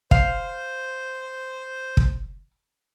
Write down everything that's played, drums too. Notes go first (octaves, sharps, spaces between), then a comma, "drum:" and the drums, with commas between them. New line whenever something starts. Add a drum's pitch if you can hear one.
C5 F5, drum: kick
drum: kick